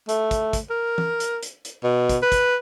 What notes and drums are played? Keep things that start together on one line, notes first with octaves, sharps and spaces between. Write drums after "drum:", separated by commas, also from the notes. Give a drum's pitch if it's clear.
A3, drum: hi-hat
drum: kick, hi-hat
drum: kick, hi-hat
A#4
drum: tom
drum: hi-hat
drum: hi-hat
drum: hi-hat
B2
drum: kick, hi-hat
B4
drum: kick, hi-hat